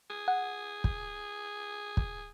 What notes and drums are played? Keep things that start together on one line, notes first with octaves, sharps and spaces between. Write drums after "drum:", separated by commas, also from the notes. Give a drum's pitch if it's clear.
G#4
F#5
drum: kick
drum: kick